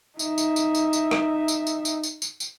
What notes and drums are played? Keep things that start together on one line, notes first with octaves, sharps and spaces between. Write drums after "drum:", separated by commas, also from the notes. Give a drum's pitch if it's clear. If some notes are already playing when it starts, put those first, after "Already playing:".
D#4 E5, drum: tambourine
drum: tambourine
drum: tambourine
drum: tambourine
drum: tambourine
drum: rim click
drum: tambourine
drum: tambourine
drum: tambourine
drum: tambourine
drum: tambourine
drum: tambourine